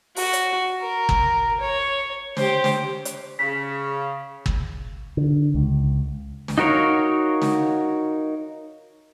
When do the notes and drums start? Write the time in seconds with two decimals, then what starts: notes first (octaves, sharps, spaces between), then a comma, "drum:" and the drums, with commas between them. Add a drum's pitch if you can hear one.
0.16 F#4, drum: open hi-hat
0.33 drum: hi-hat
0.81 A#4
1.09 drum: kick
1.60 C#5
2.37 G4 C5, drum: snare
2.64 drum: snare
3.05 drum: hi-hat
3.39 C#3 B6
4.46 drum: kick
5.17 D3
5.54 C#2
6.48 drum: snare
6.58 D#4 F#4 A#4 C#5 F5
7.42 drum: snare